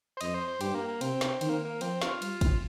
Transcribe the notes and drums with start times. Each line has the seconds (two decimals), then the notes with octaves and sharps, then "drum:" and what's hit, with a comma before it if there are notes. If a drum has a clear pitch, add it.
0.17 C5
0.21 F2 D#5, drum: cymbal
0.34 C5
0.48 C5
0.61 G2 G4, drum: cymbal
0.75 A#3
0.88 A#3
1.01 C3 C4, drum: cymbal
1.21 drum: snare
1.41 D#3 C4, drum: cymbal
1.49 A#3
1.65 A#3
1.81 F3 C4, drum: cymbal
2.02 F4, drum: snare
2.22 G3, drum: cymbal
2.41 drum: kick, cymbal